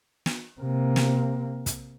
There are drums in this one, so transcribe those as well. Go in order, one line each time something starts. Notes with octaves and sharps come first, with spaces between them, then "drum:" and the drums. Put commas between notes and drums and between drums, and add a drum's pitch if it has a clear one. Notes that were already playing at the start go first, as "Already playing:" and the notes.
drum: snare
C3 A#3
drum: snare
drum: kick, hi-hat